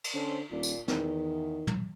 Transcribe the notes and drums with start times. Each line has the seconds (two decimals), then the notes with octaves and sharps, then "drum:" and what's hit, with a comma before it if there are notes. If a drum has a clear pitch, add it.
0.04 drum: cymbal
0.14 D3 C#4 A4 C5
0.51 D#1 A#2 D4
0.63 drum: tambourine
0.88 E2 D#3, drum: snare
1.67 drum: tom